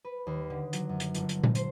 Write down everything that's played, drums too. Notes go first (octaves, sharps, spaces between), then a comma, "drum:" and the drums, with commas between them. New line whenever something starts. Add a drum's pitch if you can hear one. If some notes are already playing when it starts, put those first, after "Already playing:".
B4
D#2
D3
F#3, drum: hi-hat
F#2
drum: hi-hat
G1, drum: hi-hat
drum: hi-hat
drum: tom A#2
C5, drum: hi-hat